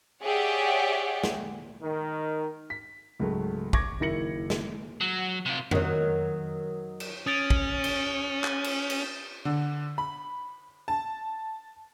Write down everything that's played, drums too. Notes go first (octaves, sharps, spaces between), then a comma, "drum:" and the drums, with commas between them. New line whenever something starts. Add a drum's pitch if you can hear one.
G4 G#4 C#5 D5 E5 F#5
drum: snare
D#3
B6
C#2 G#2 F#3 A3
C#6 D6 G#6 A#6, drum: kick
F#1 D#3 E4 A#6 C#7 F#7
drum: snare
F#3
C3 F4
D#3 F#3, drum: tom F2
drum: cymbal
C#4 D#6 A6 D7
drum: kick
G7, drum: cymbal
drum: clap
drum: cymbal
drum: cymbal
D3
B5
A5